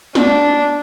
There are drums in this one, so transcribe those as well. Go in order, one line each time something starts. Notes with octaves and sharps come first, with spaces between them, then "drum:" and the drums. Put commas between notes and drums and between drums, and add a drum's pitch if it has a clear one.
D4, drum: snare